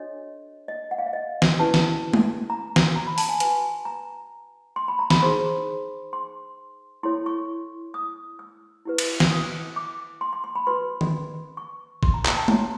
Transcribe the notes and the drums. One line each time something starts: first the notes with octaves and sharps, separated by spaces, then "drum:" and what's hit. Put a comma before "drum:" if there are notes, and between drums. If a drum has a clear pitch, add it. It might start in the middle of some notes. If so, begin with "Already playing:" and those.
Already playing: D4 F#4 A4 C#5 D#5
D#5
F#5
F5
E5
D#5
drum: snare
C#4 E4 G4 B4 A5
drum: snare
drum: tom G#3
A#5
drum: snare
A#5
B5
A5, drum: open hi-hat
G#5
F#4 B4 G#5, drum: hi-hat
A#5
C6
B5
A#5
B5, drum: snare
D#4 G#4 C5 C6
C6
E4 A4 C#5 C6
C#6
D#6
E6
E4 G4 B4
drum: cymbal
drum: snare
D#6
D6
C6
C6
C6
B5
F#4 B4 C6
drum: tom D#3
C#6
C6, drum: kick
A#5
A#5, drum: clap
A5
F#4 A4 C#5 A#5, drum: tom G#3